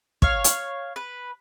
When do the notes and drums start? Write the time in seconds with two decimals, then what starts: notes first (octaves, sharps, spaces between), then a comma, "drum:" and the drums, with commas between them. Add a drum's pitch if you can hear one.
0.22 C#5 F5, drum: kick
0.44 drum: hi-hat
0.96 B4